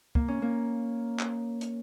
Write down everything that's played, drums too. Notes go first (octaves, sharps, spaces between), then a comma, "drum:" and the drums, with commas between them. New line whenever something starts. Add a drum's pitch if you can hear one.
A#3, drum: kick
C#4
A#3
drum: clap
drum: hi-hat